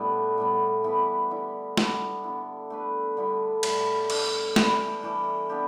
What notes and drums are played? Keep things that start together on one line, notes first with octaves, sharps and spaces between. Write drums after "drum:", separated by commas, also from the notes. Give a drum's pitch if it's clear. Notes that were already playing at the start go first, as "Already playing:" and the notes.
Already playing: A2 D3 G3 A3 B3 D4 G4 B4
A2 G3 B3
E3 B3 G4 B4
D3 G3 E4
G3 B3 D4, drum: snare
D3 B3 E4
A3 D4 B4
D3 G3 B3 E4
A2 G3 E4, drum: cymbal
A3 D4 G4, drum: cymbal
E3 G3 E4, drum: snare
E3 A3 D4 G4
B3 D4 G4